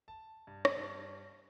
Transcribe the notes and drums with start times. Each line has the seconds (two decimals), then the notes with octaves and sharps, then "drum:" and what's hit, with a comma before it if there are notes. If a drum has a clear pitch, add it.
0.08 A5
0.47 G2
0.65 drum: rim click
0.77 G2